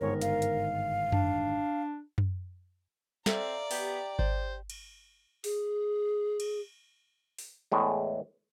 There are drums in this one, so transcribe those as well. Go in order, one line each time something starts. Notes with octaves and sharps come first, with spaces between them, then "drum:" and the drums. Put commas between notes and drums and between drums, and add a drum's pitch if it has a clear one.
G1 G#2 D#3 A#4 C#5
F5, drum: hi-hat
drum: hi-hat
D4, drum: tom F#2
drum: tom F#2
C4 A4 D5 E5 F5 A#5, drum: snare
B3 G4, drum: open hi-hat
C5 D5, drum: kick G#1
drum: cymbal
G#4, drum: open hi-hat
drum: cymbal
drum: open hi-hat
E2 A2 G#3